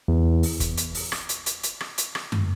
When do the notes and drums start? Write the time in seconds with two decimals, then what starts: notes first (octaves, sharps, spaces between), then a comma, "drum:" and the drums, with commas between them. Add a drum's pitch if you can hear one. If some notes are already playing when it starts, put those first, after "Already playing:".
0.08 E2
0.43 drum: open hi-hat
0.60 drum: kick F#1, hi-hat
0.77 drum: hi-hat
0.95 drum: open hi-hat
1.12 drum: rim click
1.29 drum: hi-hat
1.46 drum: hi-hat
1.63 drum: hi-hat
1.80 drum: rim click
1.98 drum: hi-hat
2.15 drum: rim click
2.32 drum: tom F#2